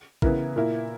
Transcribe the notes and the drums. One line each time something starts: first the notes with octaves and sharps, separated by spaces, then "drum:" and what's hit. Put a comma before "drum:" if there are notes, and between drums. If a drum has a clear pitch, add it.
C#3 E3 B3 E4 A#4, drum: kick
A#2 A#3 E4 A#4